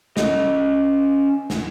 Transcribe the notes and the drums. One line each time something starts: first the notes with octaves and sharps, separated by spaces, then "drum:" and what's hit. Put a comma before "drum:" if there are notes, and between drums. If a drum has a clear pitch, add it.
C#4 D#5, drum: snare
drum: snare